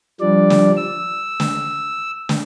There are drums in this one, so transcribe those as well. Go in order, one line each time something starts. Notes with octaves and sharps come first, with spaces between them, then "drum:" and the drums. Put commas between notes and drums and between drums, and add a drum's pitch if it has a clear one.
F3 G3 D4 D5
drum: snare
E6
drum: snare
drum: snare